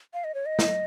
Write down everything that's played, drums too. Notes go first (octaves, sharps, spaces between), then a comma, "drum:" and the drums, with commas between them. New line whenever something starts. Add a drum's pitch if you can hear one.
F5
D#5
C#5
D#5
drum: snare